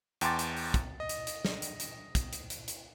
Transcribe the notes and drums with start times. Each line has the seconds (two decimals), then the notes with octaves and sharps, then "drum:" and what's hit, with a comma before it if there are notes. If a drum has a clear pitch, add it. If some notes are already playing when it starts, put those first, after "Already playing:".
0.21 E2 G5 A5 C6 D6 A6, drum: hi-hat
0.39 drum: hi-hat
0.57 drum: open hi-hat
0.74 drum: kick, hi-hat
1.00 D#5
1.09 drum: hi-hat
1.27 drum: hi-hat
1.45 drum: snare
1.62 drum: hi-hat
1.80 drum: hi-hat
2.15 drum: kick, hi-hat
2.33 drum: hi-hat
2.50 drum: hi-hat
2.68 drum: hi-hat